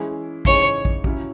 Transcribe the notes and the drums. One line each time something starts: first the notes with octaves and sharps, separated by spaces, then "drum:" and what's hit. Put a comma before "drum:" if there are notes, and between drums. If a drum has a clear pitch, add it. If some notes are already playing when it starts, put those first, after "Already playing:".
Already playing: E3 G#3 C#4 E4 G#4
C#3 E3 G#3 D#4 G#4 C#5, drum: kick
drum: kick
F#3 C#4 E4, drum: kick